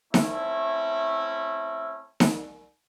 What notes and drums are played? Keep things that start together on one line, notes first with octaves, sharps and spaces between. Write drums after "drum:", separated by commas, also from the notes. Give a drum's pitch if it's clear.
A3 C4 C#4 E4, drum: snare D#4
drum: snare D#4